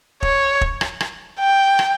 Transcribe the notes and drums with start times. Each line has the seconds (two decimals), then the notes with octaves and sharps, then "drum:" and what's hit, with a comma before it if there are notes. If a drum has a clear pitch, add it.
0.23 C#5, drum: kick
0.61 drum: kick
0.81 drum: rim click
1.00 drum: rim click
1.40 G5
1.79 drum: rim click